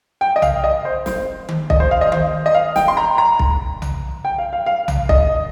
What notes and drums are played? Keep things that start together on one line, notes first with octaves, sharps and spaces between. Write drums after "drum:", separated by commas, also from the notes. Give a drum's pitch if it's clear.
G5
D#5
F5, drum: tom B1
D#5
C5
C5, drum: snare
drum: tom D#3
D#5, drum: kick B1
C5
F5
D#5
C5, drum: tom D#3
D#5
F5
G5, drum: snare
C6
A#5
A#5
drum: kick B1
drum: tom B1
G5
F5
F5
F5
drum: tom B1
D#5, drum: kick B1